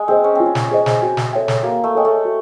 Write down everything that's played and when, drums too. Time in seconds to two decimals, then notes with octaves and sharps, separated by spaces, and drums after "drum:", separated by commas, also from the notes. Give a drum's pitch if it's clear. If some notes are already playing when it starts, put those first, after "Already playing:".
Already playing: G#3
0.08 C4 G#4 C5 D#5
0.24 C#4
0.35 C4 F4
0.46 C#4
0.55 drum: snare
0.71 G#4 C5 D#5
0.86 drum: snare
1.02 C4 F#4
1.17 drum: snare
1.33 A4 C#5 E5 G5
1.48 drum: snare
1.63 A#3 F#4
1.84 A3
1.95 G#3 A4 C#5 E5 G5
2.05 A3
2.25 F#4